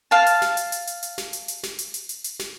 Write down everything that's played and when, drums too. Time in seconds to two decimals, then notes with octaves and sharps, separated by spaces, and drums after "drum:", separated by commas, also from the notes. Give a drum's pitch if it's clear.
0.11 F5 A5
0.26 drum: hi-hat
0.42 drum: snare
0.57 drum: hi-hat
0.72 drum: hi-hat
0.87 drum: hi-hat
1.03 drum: hi-hat
1.18 drum: snare
1.33 drum: hi-hat
1.48 drum: hi-hat
1.63 drum: snare
1.79 drum: hi-hat
1.94 drum: hi-hat
2.09 drum: hi-hat
2.24 drum: hi-hat
2.39 drum: snare